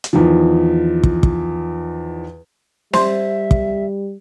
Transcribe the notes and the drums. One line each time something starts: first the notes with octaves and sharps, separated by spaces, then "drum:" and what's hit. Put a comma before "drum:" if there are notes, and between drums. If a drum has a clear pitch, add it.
drum: hi-hat
E2 D#3 F3
drum: kick
drum: kick
G3 C5 E5, drum: snare
drum: kick